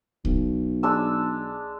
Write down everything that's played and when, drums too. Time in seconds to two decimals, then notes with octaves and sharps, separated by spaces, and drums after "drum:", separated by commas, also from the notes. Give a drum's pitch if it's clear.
0.25 B1, drum: kick C2
0.83 G#3 D4 E6